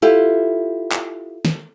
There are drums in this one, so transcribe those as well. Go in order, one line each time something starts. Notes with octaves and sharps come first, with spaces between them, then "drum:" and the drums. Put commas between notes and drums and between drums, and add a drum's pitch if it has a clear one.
E4 F4 G4 A4
drum: clap
drum: snare